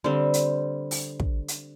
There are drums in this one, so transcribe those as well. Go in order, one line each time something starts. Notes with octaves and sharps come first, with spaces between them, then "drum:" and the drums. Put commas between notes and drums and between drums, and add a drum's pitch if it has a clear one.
D3 G3 C4 C5
drum: hi-hat
drum: open hi-hat
drum: kick
drum: hi-hat